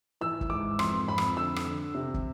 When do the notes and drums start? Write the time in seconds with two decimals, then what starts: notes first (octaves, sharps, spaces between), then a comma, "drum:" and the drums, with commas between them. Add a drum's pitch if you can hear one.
0.21 E3 E6
0.41 drum: kick
0.50 G#2 D6
0.79 F2 C6, drum: rim click
1.08 F2 B5
1.18 drum: rim click
1.37 D3 E6
1.56 drum: rim click
1.66 D3
1.95 C3
2.14 drum: kick